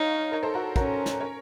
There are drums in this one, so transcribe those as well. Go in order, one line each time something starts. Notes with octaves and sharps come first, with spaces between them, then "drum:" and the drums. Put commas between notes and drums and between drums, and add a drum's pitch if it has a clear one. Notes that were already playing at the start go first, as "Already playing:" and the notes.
Already playing: D#4 C#5 F5
A#4 C#5
A4 C5
F#4 A#4
C#4 F#4 A#4, drum: kick
drum: snare
A#4 C#5